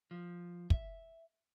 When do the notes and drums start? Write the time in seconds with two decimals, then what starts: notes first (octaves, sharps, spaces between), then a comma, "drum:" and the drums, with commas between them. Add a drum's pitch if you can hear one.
0.11 F3
0.70 E5, drum: kick